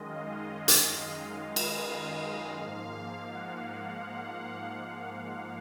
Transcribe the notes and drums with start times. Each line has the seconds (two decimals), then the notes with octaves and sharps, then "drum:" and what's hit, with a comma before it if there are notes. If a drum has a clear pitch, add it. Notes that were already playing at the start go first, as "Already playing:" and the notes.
Already playing: F#2 D#3 G#3 D#5
0.08 F5
0.44 F5
0.68 drum: hi-hat
1.56 drum: cymbal
1.88 F5
2.60 G#2 F3 A#3
3.32 F#5
4.75 F5
5.10 F5